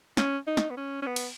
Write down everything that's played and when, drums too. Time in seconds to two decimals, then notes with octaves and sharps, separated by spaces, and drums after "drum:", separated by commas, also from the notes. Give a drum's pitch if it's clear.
0.17 C#4, drum: snare
0.47 D#4
0.57 drum: snare
0.70 B3
0.77 C#4
1.02 C#4
1.07 B3
1.16 drum: cymbal